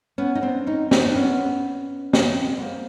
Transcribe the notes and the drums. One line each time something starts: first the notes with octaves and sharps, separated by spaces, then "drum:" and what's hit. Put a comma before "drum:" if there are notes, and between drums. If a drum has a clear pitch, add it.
B3 C#4
D#4
C4 D4
C#4 D#4
C4 D4, drum: snare
D4
B3 C#4
drum: snare
B3
A#3 C4